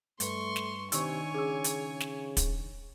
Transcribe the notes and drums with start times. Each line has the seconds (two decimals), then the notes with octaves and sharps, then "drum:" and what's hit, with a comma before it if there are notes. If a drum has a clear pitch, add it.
0.20 G2 A3 B4 C6 C#6, drum: hi-hat
0.56 drum: snare
0.92 C3 D#3 D4 D#4 C#5 G#5 C#6 E6, drum: hi-hat
1.34 C#3 G#4 E6
1.64 drum: hi-hat
2.00 drum: snare
2.37 drum: kick, hi-hat